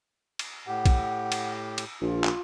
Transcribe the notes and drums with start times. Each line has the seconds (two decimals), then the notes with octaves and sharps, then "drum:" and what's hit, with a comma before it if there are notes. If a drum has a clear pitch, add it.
0.39 drum: cymbal
0.67 A2 G4 F#5
0.86 drum: kick, cymbal
1.32 drum: cymbal
1.78 drum: cymbal
2.01 A#1 F4
2.24 drum: clap